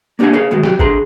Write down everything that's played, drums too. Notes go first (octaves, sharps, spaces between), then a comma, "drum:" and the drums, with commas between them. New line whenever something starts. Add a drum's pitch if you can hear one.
A#3 D4 G4 F5 F#5 G#5
G#4 A#4 C#5 F5
F#2 A2 D#3 F#3 G#3
F#3 G4, drum: snare
D3 G#4 A#5 C6, drum: kick G#1